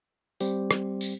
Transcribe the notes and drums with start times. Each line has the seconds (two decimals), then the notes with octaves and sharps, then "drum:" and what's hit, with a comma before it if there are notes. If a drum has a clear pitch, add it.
0.41 G3 C4 G4 C5, drum: tambourine
0.71 drum: rim click
1.01 drum: tambourine